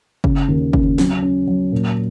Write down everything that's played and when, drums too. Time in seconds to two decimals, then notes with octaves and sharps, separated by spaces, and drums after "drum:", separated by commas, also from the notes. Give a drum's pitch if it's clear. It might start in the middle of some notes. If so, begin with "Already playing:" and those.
0.24 C#3, drum: kick
0.49 D#2
0.73 C#3, drum: kick
0.98 F#3, drum: snare C4
1.22 C#4
1.47 F#3
1.72 A#2